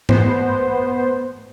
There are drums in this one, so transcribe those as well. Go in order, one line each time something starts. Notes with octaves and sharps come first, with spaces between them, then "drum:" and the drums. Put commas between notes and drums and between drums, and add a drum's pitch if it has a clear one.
B3 C5, drum: tom G#2